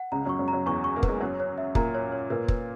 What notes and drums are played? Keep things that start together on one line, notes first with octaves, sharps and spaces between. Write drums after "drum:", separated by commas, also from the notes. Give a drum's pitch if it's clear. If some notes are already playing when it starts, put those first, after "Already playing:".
Already playing: F#5
C#2 C#3 A#5
F#2 F#3 C#6
F#2 F#3
A#5
F#2 F#3
E2 E3 C#6
C#6
A#3
B4, drum: kick
G#3
F#2 F#3 C#5
C#5
E5
A#2 A#3 A#5, drum: kick
C#5
C#5
A#2 A#3 B4
B4, drum: kick